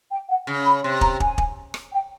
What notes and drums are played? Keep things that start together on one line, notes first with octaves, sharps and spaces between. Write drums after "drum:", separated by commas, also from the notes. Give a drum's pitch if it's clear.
G5
F#5
C#3
B5
C3 C6
A#5, drum: kick
G#5, drum: kick
drum: kick
drum: rim click
G5